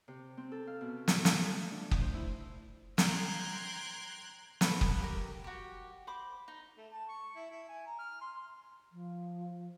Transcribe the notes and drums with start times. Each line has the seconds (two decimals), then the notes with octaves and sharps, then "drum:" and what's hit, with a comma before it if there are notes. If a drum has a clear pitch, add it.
0.08 C3
0.37 C4
0.52 A4
0.67 F5
0.81 B2
1.08 F3, drum: snare
1.25 A5, drum: snare
1.52 A3
1.71 D4
1.91 drum: kick
2.01 C5
2.14 E4
2.98 G5 A#5 C6 F#6 G#6, drum: snare
4.61 A4 B4 C#5 F#5, drum: snare
4.81 drum: kick
5.00 G4 A#4
5.44 F#4 G4
6.07 C5 B5 D6
6.48 D#4
6.77 A3
6.92 A5
7.09 C#6
7.36 E4
7.51 E4
7.69 G#5
7.86 A#5
7.99 F6
8.21 C6
8.92 F3